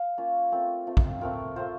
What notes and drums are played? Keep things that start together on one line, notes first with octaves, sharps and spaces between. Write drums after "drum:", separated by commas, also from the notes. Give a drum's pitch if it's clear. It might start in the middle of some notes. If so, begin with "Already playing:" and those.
Already playing: F5
A#3 C#4 F4
A3 C4 F4
A3 C4 F4
drum: kick
A3 C4 F4 A#4
A3 C4 F4 C5